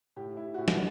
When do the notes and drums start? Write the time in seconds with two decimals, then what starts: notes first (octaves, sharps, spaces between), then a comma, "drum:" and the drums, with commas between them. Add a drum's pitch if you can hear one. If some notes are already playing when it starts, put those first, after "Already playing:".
0.16 A2 G4
0.37 E4
0.54 F#4
0.58 A2 G4
0.68 drum: snare